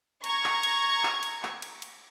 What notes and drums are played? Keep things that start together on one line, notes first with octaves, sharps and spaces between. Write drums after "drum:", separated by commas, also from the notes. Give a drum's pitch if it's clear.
A#5 C#6 G#6, drum: cymbal
drum: clap
drum: cymbal
drum: clap
drum: cymbal
drum: clap
drum: cymbal
drum: cymbal